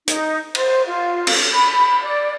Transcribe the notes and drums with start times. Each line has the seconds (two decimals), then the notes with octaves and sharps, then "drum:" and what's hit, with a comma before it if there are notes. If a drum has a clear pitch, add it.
0.08 D#4, drum: hi-hat
0.55 C5, drum: cymbal
0.86 F4
1.27 drum: cymbal
1.53 B5
2.04 D5